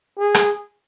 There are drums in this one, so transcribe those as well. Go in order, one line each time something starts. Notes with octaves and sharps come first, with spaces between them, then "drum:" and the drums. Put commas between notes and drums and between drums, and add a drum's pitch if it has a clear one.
G#4
drum: rim click